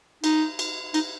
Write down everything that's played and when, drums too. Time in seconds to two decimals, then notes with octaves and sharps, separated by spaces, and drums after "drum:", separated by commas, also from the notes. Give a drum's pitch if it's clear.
0.24 D#4, drum: cymbal
0.59 drum: cymbal
0.94 D#4, drum: cymbal